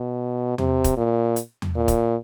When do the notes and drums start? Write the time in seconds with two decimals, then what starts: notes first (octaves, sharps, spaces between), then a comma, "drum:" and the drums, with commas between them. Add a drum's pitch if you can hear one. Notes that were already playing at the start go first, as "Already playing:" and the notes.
Already playing: B2
0.58 C3, drum: tom E2
0.84 drum: kick, hi-hat
0.97 A#2
1.36 drum: hi-hat
1.62 drum: tom E2
1.75 A#2
1.88 drum: kick, hi-hat